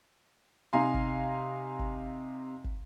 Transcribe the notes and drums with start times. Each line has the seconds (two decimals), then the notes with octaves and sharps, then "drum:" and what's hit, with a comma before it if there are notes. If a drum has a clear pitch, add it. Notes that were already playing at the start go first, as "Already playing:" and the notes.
0.73 C3 D#4 F5 G#5 A#5 C6
0.94 drum: kick
1.79 drum: kick
2.64 drum: kick